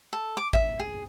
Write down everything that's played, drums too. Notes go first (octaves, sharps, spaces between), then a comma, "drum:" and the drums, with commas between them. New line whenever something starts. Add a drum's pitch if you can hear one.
A4
D6
E5, drum: kick G#1
G#4